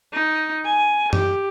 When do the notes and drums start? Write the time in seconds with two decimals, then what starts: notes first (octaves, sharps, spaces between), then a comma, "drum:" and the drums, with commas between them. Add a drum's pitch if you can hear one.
0.13 D#4
0.65 G#5
1.13 G4, drum: tom F#2